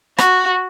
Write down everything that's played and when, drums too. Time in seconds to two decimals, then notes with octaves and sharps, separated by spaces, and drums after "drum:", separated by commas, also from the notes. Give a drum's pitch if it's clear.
0.18 F#4, drum: rim click